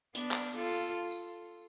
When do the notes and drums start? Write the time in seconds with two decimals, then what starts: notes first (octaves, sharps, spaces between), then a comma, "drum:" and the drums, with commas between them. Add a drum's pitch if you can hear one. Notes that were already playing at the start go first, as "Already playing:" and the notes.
0.15 B3 D4, drum: hi-hat
0.31 drum: clap
0.56 F4 A4
1.11 drum: tambourine